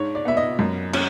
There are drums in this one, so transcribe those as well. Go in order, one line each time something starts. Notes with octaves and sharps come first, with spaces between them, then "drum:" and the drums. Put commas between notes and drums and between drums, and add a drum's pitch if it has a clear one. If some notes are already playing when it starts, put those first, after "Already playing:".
Already playing: G#2 D4 C#5
D5
B3 E5
D#5
F#2
C#4, drum: cymbal